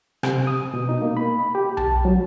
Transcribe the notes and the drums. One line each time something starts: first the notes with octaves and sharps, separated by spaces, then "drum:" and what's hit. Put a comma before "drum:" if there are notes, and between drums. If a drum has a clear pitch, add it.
C3, drum: rim click
D#6
B2
D#4
A#3
B5
G4
A5, drum: tom B1
F#3